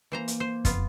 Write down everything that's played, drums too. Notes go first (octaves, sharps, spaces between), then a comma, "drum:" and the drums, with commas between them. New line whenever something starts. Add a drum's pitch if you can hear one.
E3 A#3 C5 A#5
drum: hi-hat
C5
F#1 F2 B3 F4, drum: kick E1, hi-hat